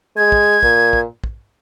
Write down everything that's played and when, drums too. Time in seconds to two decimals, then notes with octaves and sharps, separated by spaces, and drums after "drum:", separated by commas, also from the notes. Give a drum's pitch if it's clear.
0.16 G#3 G#6
0.32 drum: kick
0.63 A#2, drum: kick
0.93 drum: kick
1.24 drum: kick